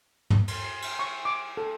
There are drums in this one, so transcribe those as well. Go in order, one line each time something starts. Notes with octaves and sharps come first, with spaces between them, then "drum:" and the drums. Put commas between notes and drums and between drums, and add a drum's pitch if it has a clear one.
drum: tom
drum: cymbal
drum: cymbal
C#6
D6
A4